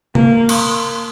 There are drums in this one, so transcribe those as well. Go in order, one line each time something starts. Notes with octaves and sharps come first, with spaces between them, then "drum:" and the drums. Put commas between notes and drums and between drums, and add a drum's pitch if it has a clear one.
A#3, drum: tom
drum: cymbal